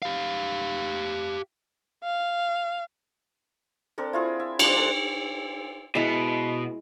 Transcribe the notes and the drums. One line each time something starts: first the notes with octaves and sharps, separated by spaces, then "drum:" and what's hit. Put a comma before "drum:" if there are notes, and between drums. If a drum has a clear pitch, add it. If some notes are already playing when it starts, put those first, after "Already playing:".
G4 F5
F5
C4 D4 A4 A#4
E4 F4 G#4
E5
F3 G#3 D4, drum: cymbal
A4
B2 G#3 E4